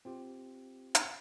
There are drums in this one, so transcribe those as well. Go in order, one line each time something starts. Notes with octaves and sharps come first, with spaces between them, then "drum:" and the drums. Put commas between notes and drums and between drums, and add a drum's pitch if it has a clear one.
C4 F4 G4
drum: hi-hat